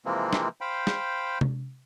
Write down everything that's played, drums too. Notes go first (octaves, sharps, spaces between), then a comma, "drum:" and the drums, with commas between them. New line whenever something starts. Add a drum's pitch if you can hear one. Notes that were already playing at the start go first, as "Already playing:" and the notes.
C3 E3 F3 G#3 A#3 C4
drum: snare
C5 F5 G5 B5
drum: snare
drum: tom C3